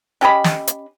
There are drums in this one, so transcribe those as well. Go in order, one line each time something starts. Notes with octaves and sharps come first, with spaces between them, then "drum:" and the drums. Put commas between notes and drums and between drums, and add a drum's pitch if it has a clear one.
C#4 G4 D#5 B5
drum: snare
drum: hi-hat